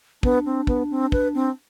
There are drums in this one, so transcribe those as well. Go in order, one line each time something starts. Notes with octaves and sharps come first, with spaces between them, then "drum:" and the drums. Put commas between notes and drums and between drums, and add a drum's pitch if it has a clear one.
B3 D4, drum: kick
C4
B3, drum: kick
C4
B4, drum: kick
C4